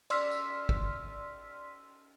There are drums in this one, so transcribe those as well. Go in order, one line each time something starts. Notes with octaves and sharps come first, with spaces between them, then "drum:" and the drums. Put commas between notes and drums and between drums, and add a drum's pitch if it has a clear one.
D5 C6 E6 F6 B6, drum: cymbal
drum: tambourine
drum: kick